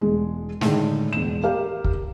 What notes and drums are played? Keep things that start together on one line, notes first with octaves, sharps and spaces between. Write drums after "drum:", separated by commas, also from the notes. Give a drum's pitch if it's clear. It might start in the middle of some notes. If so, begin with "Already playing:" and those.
E1 G#3
A2 D3 D#3 G#3, drum: snare
E1 E7
G4 A#4 F5
drum: kick